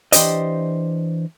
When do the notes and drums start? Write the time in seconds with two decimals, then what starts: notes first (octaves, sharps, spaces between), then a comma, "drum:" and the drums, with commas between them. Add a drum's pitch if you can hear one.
0.12 E3 D4 G4 C5 D#5, drum: hi-hat